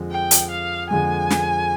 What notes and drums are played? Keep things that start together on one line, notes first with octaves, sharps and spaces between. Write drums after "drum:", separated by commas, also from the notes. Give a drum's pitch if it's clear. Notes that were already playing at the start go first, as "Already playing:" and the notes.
Already playing: F2 D3 G#3
G5
drum: hi-hat
F5
F2 D3 G#3 G#5
drum: snare